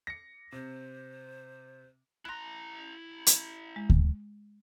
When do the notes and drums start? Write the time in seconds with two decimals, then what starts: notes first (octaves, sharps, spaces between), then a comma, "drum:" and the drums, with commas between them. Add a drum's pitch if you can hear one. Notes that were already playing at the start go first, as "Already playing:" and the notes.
0.07 A#6 C#7
0.52 C3 C5
2.25 E4 A#5 C6 F#6
3.27 drum: hi-hat
3.76 G#3
3.90 drum: kick D2